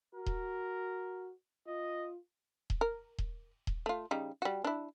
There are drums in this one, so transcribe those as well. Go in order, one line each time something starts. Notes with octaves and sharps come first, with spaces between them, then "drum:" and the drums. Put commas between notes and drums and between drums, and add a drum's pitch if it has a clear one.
F#4 A#4
drum: kick D#1
F4 D#5
drum: kick D#1
A#4
drum: kick D#1
drum: kick D#1
A3 F4
C#3 G3 D#4
G3 F#4
D4 E4